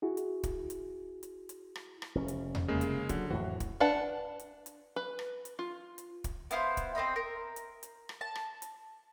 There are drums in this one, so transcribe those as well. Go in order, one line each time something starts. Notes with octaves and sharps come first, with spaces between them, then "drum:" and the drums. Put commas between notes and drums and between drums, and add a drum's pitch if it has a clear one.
E4 F#4 G#4
drum: hi-hat
drum: kick, hi-hat
drum: hi-hat
drum: hi-hat
drum: hi-hat
drum: rim click
drum: rim click
F1 C#4
drum: hi-hat
drum: tom E2
C#3 G#3 A#3
drum: hi-hat
D3 F#3, drum: kick, hi-hat
F2 A2 E3 F#4
drum: kick, hi-hat
D4 B4 F#5 A5
drum: hi-hat
drum: hi-hat
B4
drum: rim click
drum: hi-hat
F4
drum: hi-hat
drum: kick, hi-hat
B3 E4 F4 C5, drum: hi-hat
drum: kick, hi-hat
C4 C5 D#5 B5
A#4
drum: hi-hat
drum: hi-hat
drum: rim click
A5
drum: rim click
drum: hi-hat